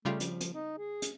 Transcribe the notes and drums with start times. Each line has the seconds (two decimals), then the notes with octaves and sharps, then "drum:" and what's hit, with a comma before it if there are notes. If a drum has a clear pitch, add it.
0.05 C#3 G3 A3 F4
0.20 F3, drum: hi-hat
0.41 drum: hi-hat
0.54 D#4
0.78 G#4
1.02 drum: hi-hat